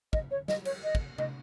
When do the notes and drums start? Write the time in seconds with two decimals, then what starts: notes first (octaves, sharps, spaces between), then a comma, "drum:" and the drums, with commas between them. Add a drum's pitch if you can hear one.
0.13 D#5, drum: kick
0.31 C#5
0.48 D#5, drum: snare
0.65 C#5, drum: cymbal
0.84 D#5
0.95 drum: kick
1.18 D#5, drum: tom C3